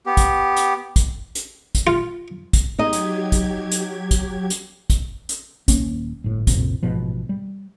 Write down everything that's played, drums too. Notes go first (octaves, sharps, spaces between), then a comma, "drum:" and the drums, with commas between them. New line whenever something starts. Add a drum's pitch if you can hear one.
B3 G4
drum: kick, hi-hat
drum: hi-hat
drum: kick, hi-hat
drum: hi-hat
drum: kick, hi-hat
F4
drum: kick, hi-hat
F#3 D#4 G4 G#4 D#5 G#6
drum: hi-hat
drum: kick, hi-hat
drum: hi-hat
drum: kick, hi-hat
drum: hi-hat
drum: kick, hi-hat
drum: hi-hat
D#1 A#3 C#4, drum: kick, hi-hat
G1 A2
A#1 F2 A2 C3, drum: kick, hi-hat
A1 G#2 B2 F3
G3